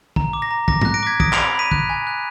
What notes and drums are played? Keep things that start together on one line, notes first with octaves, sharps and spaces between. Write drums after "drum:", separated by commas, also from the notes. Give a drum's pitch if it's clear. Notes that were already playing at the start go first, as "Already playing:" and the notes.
A#5, drum: kick
D6
A#6
A#5
D6 A#6, drum: kick
A#6, drum: tom G#2
F#6
A#6 D7
D6 G#6 B6
D#6 A#6 D7, drum: kick
B5 D7 F7, drum: clap
B5 B6 D#7
F#6, drum: kick
G#5
F#6